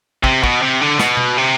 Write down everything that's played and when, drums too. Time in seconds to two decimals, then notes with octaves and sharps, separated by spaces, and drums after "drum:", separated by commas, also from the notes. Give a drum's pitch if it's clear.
0.24 C3, drum: kick
0.44 B2, drum: kick
0.62 C3
0.81 D3
0.99 B2, drum: snare
1.17 drum: tom B2
1.38 C3